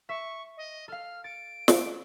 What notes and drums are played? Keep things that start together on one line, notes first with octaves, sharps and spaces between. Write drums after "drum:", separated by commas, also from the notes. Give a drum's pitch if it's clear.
E5 C#6
D#5
A4 F5 F6
A6 C#7 D7
drum: snare